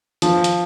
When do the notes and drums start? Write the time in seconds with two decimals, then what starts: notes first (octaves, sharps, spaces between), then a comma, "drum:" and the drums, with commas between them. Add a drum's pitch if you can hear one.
0.22 F3, drum: hi-hat
0.44 drum: hi-hat